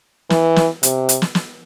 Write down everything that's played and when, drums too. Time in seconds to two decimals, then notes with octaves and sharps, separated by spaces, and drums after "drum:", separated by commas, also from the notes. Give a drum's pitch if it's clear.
0.30 E3, drum: snare
0.56 drum: snare
0.83 C3, drum: hi-hat
1.09 drum: hi-hat
1.22 drum: snare
1.35 drum: snare